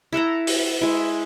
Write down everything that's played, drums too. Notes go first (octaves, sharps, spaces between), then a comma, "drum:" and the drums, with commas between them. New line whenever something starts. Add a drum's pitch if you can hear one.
E4 A4 F#5 A#5
drum: open hi-hat
G#3 E4